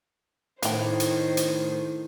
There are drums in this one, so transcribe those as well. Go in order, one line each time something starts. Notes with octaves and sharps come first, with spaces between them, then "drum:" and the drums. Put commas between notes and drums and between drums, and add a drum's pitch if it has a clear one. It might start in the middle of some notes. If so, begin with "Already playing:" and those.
A2 D#3 C5 F5 G5, drum: hi-hat
drum: hi-hat
drum: hi-hat